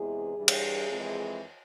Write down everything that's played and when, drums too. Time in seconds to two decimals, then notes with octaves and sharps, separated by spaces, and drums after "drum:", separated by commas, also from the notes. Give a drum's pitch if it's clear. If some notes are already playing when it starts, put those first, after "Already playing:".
Already playing: E2 C3 E3 G#3 G#4
0.36 G2 E3 G3
0.48 drum: cymbal
0.89 F2 E3 G#3